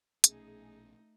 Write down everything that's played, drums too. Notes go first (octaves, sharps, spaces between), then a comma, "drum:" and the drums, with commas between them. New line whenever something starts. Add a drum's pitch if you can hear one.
A#1 B2 A3 C#4 D#4 G#4, drum: hi-hat